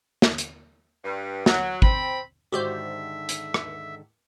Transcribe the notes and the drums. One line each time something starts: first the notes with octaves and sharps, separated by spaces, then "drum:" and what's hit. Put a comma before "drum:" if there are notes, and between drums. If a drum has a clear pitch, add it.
drum: snare
drum: hi-hat
G2
F#3, drum: snare
C4 B5, drum: kick
G#2 D3 D#3 F#4 G4 C5 E5
drum: hi-hat
drum: rim click